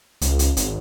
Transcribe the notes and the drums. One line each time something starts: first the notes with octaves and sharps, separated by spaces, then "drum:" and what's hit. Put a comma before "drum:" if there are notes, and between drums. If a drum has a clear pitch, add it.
C#2, drum: hi-hat
drum: hi-hat
G#1, drum: hi-hat